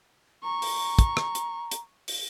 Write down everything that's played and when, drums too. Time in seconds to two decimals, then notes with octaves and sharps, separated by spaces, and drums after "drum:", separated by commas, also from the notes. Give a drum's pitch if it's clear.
0.44 A#5 C#6
0.62 drum: open hi-hat
0.99 drum: kick, hi-hat
1.17 drum: rim click
1.35 drum: hi-hat
1.71 drum: hi-hat
2.08 drum: open hi-hat